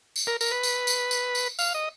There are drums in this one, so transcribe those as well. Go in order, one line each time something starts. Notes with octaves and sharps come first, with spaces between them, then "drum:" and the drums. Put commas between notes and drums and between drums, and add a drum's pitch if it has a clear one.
drum: tambourine
A#4
A#4, drum: tambourine
B4
drum: tambourine
drum: tambourine
drum: tambourine
drum: tambourine
F5, drum: tambourine
D#5